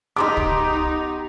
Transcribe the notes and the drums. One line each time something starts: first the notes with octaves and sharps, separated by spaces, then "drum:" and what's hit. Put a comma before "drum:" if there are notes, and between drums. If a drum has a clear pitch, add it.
B3 D#4 G4 D#5 C6 D6
drum: kick